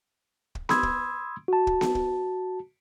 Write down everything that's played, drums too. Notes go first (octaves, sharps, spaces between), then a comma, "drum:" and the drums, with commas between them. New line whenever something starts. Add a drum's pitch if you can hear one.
drum: kick
B5 C6 D#6 E6 G#6, drum: snare B3
drum: kick
F#4 A5
drum: kick
drum: snare B3
drum: kick